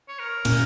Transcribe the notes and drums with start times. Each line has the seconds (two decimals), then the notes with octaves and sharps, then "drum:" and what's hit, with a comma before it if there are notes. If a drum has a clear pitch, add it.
0.08 C#5
0.19 A#4
0.45 A#2 A#3 C#4, drum: cymbal